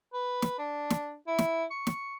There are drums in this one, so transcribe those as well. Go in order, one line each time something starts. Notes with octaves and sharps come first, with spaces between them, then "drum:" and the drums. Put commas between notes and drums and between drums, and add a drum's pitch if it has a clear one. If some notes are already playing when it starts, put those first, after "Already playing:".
B4
drum: snare
D4
drum: snare
E4
drum: snare
C#6
drum: snare